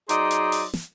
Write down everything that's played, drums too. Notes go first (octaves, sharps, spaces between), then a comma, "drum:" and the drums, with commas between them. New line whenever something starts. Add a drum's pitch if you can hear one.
F#3 D#4 G#4 C5 D5 D#5, drum: hi-hat
drum: hi-hat
drum: open hi-hat
drum: snare